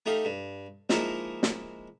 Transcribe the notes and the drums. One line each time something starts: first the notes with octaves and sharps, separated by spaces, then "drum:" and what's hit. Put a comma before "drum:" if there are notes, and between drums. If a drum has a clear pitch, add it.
A3 D#4 G4 F5
G2
F3 G#3 A#3 D#4 E4 A#4, drum: snare
drum: snare